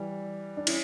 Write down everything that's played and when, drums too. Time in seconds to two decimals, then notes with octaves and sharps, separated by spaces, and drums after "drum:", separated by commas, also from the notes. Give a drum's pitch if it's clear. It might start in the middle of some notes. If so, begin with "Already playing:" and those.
Already playing: E3 G3
0.57 D4
0.67 C#4 E4, drum: cymbal